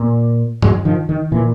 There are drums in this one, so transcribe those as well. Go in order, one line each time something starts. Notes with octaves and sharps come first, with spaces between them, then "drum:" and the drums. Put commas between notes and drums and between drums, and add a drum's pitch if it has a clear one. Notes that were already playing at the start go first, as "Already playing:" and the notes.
Already playing: A#2
F#3 G#3, drum: tom G2
D#3 F3
D#3
A#2 E3